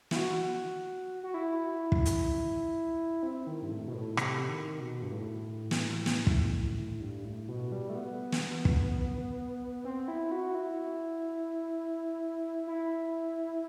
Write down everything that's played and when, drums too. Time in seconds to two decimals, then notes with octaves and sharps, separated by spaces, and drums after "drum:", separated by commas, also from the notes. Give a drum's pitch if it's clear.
0.11 E4, drum: snare
0.16 F#4
1.23 F#4
1.34 E4
1.92 drum: kick
2.05 drum: hi-hat
3.23 C4
3.47 D#3
3.62 G2
3.70 A2
3.87 B2
3.94 A2
4.17 C3, drum: rim click
4.49 D#3
4.80 B2
5.02 G2
5.12 A2
5.71 drum: snare
6.06 drum: snare
6.27 drum: kick
7.00 G2
7.25 A2
7.48 B2
7.72 G3
7.90 A3
7.95 B3
8.32 drum: snare
8.65 drum: kick
9.84 C4
10.08 E4
10.31 F#4
10.55 E4
12.67 E4